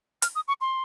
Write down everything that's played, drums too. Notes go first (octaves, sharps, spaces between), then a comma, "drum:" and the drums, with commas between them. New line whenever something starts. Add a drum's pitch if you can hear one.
F6, drum: hi-hat
D#6
C#6
C6